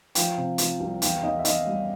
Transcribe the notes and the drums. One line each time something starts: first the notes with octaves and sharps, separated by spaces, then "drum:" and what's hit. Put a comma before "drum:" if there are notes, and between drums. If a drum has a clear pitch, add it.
F3 F5 G5, drum: hi-hat
C3
F3, drum: hi-hat
C2
E2 F5 G5, drum: hi-hat
E2 D#5 F5
E5
E2 D#5 F5, drum: hi-hat
G3